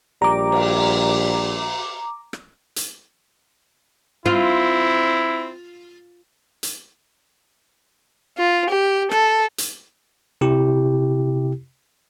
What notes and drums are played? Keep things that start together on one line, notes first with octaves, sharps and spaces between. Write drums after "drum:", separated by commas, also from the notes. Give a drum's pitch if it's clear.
A#1 G3 A#5 D6
drum: cymbal
drum: rim click
drum: hi-hat
C4 E4 F4
drum: hi-hat
F4
G4
A4, drum: rim click
drum: hi-hat
C3 E4 G4